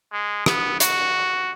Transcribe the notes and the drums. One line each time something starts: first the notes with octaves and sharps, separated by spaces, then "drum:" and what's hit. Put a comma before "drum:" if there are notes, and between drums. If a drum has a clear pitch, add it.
G#3
B3, drum: rim click
F#4, drum: hi-hat